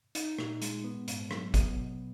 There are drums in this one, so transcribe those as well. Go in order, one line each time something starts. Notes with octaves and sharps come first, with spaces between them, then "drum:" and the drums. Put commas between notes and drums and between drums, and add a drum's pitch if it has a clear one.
D#4, drum: hi-hat
A#2, drum: rim click
G#3, drum: hi-hat
B3
G#2, drum: hi-hat
F#3, drum: rim click
B3, drum: kick, hi-hat
B2